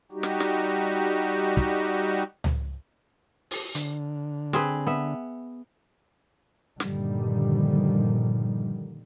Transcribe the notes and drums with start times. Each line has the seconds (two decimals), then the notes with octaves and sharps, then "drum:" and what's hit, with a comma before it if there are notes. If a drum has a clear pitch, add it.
0.12 G3 D#4 F#4 G4
0.23 drum: snare
0.40 drum: snare
1.57 drum: kick
2.44 drum: tom C#2
3.51 drum: open hi-hat
3.75 D3, drum: hi-hat
4.53 C4 G#4 B4, drum: snare
4.87 B3 E5
6.80 G2 A#2 D3 D#3 F3 G3, drum: snare